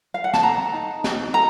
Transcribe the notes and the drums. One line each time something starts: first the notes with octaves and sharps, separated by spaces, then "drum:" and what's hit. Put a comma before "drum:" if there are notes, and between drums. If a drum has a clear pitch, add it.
F5
F#5
A5, drum: snare
A4 A#5
D#4
D#4, drum: snare
A4 A#5